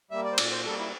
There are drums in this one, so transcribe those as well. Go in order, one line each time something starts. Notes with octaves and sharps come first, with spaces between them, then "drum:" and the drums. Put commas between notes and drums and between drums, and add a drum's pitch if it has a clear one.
G3 A#3 E5
D5
C5
A#2 D5, drum: cymbal
C5
G3 A#3 A4
E4